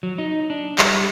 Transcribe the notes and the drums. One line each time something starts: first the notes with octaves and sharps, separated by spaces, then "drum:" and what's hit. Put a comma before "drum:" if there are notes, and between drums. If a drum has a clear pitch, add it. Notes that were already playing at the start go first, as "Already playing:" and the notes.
F#3
D#4
D4
G3, drum: clap